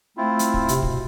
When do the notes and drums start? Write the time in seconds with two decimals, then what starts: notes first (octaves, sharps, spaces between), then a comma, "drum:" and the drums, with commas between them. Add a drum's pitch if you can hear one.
0.17 A3 C4 E4 F4
0.39 drum: hi-hat
0.54 drum: kick
0.69 C3, drum: hi-hat
0.83 B2, drum: kick